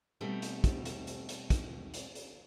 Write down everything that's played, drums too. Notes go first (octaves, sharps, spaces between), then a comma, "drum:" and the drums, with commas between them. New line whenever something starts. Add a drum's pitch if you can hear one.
B2 G3 A3 C4 D#4 G4
drum: hi-hat
drum: kick, hi-hat
drum: hi-hat
drum: hi-hat
drum: hi-hat
drum: kick, hi-hat
drum: hi-hat
drum: hi-hat